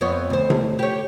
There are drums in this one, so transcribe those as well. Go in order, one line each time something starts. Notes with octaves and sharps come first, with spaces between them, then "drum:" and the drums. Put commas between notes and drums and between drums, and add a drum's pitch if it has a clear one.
F2 B3 C#5
D2 C5
drum: tom C3
G4 C#5